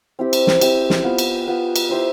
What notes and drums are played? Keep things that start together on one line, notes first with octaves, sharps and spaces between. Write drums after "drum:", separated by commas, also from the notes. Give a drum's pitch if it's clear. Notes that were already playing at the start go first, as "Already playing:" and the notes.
C4 E4 G4
drum: cymbal
drum: snare
C4 E4 G4, drum: cymbal
drum: snare
B3 F4 B4
drum: cymbal
B3 F4 B4
drum: cymbal
E4 G4 C5 E5